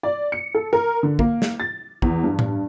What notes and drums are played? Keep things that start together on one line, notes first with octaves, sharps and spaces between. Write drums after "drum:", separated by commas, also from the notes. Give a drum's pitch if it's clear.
D5
C#7
A4
A#4
D3
A#3, drum: kick
drum: snare
A6
E2, drum: kick
G2
drum: tom A2